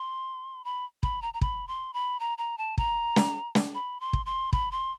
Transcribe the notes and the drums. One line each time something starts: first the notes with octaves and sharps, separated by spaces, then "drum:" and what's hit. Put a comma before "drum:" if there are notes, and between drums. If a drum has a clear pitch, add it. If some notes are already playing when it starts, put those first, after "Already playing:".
Already playing: C6
B5
B5, drum: kick
A#5
A#5
B5, drum: kick
C6
B5
A#5
A#5
A5
A#5, drum: kick
drum: snare
drum: snare
B5
C6
drum: kick
C6
B5, drum: kick
C6